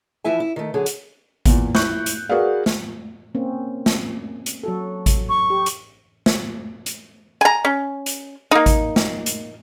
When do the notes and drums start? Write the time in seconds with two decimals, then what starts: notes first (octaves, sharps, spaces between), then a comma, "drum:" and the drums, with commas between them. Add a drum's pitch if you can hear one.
0.24 E3 F3 E4 E5 G#5
0.40 E4
0.56 D#3 A3
0.74 D3 F#3 G#4
0.86 drum: hi-hat
1.46 E2 A#2, drum: kick G#1, hi-hat
1.75 E4 C#6 F#6 G6, drum: snare
2.06 drum: hi-hat
2.29 F#4 G#4 A#4 B4 D5 F5
2.66 drum: snare
3.35 A#3 C4 C#4
3.86 drum: snare
4.46 drum: hi-hat
4.63 F#3 F#4 A4
5.06 drum: kick G#1, hi-hat
5.29 C#6
5.50 G4
5.66 drum: hi-hat
6.26 drum: snare
6.86 drum: hi-hat
7.41 G#5 A#5
7.65 C#4
8.06 drum: hi-hat
8.51 A#3 D#4
8.66 drum: kick G#1, hi-hat
8.96 drum: snare
9.26 drum: hi-hat